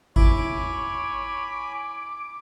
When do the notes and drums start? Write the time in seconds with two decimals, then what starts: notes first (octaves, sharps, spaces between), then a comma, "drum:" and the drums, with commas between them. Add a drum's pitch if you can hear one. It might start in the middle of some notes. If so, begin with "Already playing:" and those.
0.16 E4 C#5 G#5 B5 D6, drum: kick G#1